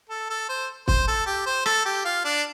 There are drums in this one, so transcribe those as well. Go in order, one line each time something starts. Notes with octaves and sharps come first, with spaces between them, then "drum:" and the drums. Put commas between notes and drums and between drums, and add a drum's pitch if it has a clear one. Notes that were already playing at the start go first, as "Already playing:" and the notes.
A4
A4
C5
C5, drum: kick
A4
G4
C5
A4, drum: rim click
G4
F4
D4